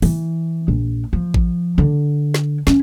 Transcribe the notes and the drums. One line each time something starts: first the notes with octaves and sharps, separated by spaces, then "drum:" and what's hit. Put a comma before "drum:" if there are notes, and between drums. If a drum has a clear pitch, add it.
E3, drum: open hi-hat
A#1
F3
drum: kick A1
D3
drum: snare
C#4, drum: snare